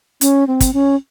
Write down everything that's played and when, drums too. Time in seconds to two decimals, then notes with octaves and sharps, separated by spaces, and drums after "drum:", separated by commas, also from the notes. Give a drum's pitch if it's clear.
0.21 C#4, drum: hi-hat
0.47 C4
0.61 drum: kick, hi-hat
0.74 C#4